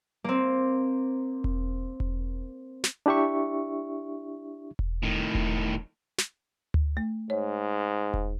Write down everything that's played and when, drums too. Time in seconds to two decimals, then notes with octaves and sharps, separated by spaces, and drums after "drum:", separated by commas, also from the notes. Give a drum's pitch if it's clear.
0.24 A#3 C4
1.44 drum: kick E1
2.00 drum: kick E1
2.84 drum: snare
3.06 D4 E4 G4 E5 C#6
4.79 drum: kick E1
5.03 A2 D#3
5.35 drum: kick E1
6.18 drum: snare
6.74 drum: tom D2
6.97 A3
7.30 G#2 C#5
8.14 drum: kick E1